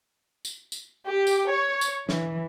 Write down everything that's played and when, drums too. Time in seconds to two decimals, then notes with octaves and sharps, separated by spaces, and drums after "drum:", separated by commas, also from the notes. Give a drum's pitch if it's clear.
0.45 drum: tambourine
0.72 drum: tambourine
1.08 G4
1.27 drum: tambourine
1.50 C#5
1.81 drum: tambourine
2.09 E3, drum: snare